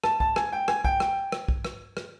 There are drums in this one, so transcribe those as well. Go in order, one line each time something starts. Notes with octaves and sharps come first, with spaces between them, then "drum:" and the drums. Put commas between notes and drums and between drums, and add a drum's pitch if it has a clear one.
A5, drum: rim click
A5, drum: kick
G#5, drum: rim click
G5
G#5, drum: rim click
G5, drum: kick
G5, drum: rim click
drum: rim click
drum: kick
drum: rim click
drum: rim click